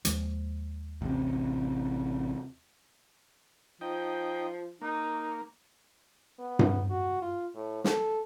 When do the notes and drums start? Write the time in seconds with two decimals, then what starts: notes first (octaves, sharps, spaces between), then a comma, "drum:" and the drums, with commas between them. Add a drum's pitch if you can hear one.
0.05 D#2 F3 G#3, drum: hi-hat
1.02 A1 C3
3.81 F3 D#4 G5
4.81 A#3 D#4
6.39 B3
6.59 drum: tom G2
6.90 F#4
7.22 F4
7.55 A2
7.84 A4, drum: snare